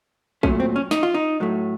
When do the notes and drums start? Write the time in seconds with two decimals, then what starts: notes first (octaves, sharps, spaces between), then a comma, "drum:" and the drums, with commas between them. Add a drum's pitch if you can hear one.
0.43 A#2 F#3 A3 C#4, drum: kick
0.60 C4
0.76 C#4
0.91 D#4, drum: snare
1.03 F4
1.14 D#4
1.40 A2 F#3 A3